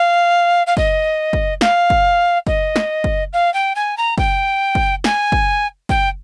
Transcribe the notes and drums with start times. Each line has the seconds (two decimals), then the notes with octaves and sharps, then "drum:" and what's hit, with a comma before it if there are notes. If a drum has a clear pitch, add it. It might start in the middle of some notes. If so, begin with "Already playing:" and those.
Already playing: F5
0.66 F5
0.77 D#5, drum: kick
1.33 drum: kick
1.61 F5, drum: snare
1.90 drum: kick
2.47 D#5, drum: kick
2.76 drum: snare
3.04 drum: kick
3.33 F5
3.53 G5
3.75 G#5
3.97 A#5
4.18 G5, drum: kick
4.75 drum: kick
5.04 G#5, drum: snare
5.32 drum: kick
5.89 G5, drum: kick